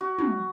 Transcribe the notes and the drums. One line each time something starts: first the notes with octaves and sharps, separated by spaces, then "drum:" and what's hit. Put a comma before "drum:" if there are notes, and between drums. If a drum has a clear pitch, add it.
F#4
drum: tom